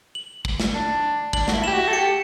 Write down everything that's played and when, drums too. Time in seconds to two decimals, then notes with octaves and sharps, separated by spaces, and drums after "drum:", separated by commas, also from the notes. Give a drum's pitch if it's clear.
0.15 F#7
0.45 drum: kick
0.60 drum: snare
0.74 D4
1.33 D4 F#7, drum: kick
1.48 F#4, drum: snare
1.53 E4
1.64 G4 E7
1.73 F#4
1.87 A4
1.93 G4 C#7